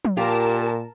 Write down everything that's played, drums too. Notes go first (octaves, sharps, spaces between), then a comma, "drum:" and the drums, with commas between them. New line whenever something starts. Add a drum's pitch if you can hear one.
drum: tom
A#2 F4 G4 A#4 A5